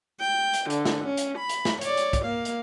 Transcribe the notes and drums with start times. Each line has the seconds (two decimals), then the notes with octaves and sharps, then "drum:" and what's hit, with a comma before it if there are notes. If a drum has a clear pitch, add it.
0.20 G5
0.54 drum: hi-hat
0.70 D3, drum: hi-hat
0.85 drum: snare
1.05 C#4
1.17 drum: hi-hat
1.38 B5
1.49 drum: hi-hat
1.65 drum: snare
1.81 C#5 D5, drum: hi-hat
1.97 drum: hi-hat
2.13 drum: kick, hi-hat
2.25 A#3 F5
2.45 drum: hi-hat